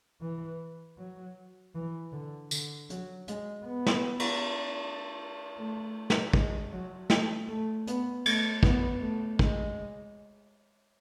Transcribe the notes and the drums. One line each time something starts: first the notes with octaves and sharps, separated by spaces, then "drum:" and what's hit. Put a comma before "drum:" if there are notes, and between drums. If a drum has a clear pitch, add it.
E3
F#3
E3
D3
D3, drum: tambourine
F#3, drum: hi-hat
G#3, drum: hi-hat
B3
drum: snare
drum: cymbal
A3
drum: snare
G#3, drum: kick
F#3
A3, drum: snare
A3
B3, drum: hi-hat
A3, drum: cymbal
B3, drum: kick
A3
G#3, drum: kick